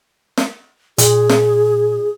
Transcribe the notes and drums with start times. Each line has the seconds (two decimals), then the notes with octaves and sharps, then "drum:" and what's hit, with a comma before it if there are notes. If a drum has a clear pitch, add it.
0.38 drum: snare
0.98 A#2 G#4, drum: hi-hat
1.30 drum: snare